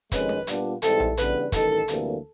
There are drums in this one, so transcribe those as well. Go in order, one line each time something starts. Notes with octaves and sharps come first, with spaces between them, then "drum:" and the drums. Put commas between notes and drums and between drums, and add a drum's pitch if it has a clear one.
F2 C3 D#3 G#3 C#4 B4, drum: kick, hi-hat
drum: snare
A#2 G3 B3 D4 F4, drum: hi-hat
G#2 E3 G3 C4 E4 A4, drum: hi-hat
drum: tom A#1
C#3 E3 G3 B3 D4 B4, drum: hi-hat
A1 G2 D#3 A4, drum: kick, hi-hat
D2 C3 E3 G3 A#3, drum: hi-hat